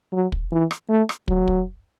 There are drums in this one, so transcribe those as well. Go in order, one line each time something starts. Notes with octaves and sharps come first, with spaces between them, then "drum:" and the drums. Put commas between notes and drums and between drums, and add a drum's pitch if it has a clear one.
F#3
drum: kick
E3
drum: rim click
A3
drum: rim click
F#3, drum: kick
drum: kick